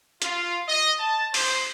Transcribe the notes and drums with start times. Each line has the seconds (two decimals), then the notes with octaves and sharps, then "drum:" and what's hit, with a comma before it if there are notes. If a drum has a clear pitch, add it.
0.22 F4, drum: hi-hat
0.68 D#5
0.99 A5
1.34 C5, drum: open hi-hat